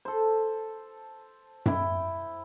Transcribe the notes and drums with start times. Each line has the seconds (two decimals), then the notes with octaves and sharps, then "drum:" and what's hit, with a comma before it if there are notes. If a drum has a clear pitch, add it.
0.05 A4 C5
1.66 E4 G5, drum: tom F#2